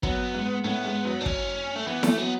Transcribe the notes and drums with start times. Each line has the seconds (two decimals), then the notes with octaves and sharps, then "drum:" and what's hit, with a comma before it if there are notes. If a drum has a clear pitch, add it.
0.03 F#2 F#3 B3, drum: kick
0.34 G#2 G#3
0.64 A2 A3 B3
0.85 G#2 G#3
1.05 F#2 F#3
1.21 D4
1.26 C#4, drum: kick
1.76 A3
1.87 E3 B3
2.03 A3, drum: snare E4
2.18 F#3 B3